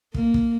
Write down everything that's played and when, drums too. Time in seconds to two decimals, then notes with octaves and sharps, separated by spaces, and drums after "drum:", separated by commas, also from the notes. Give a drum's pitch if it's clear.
0.14 A#3, drum: kick
0.34 drum: kick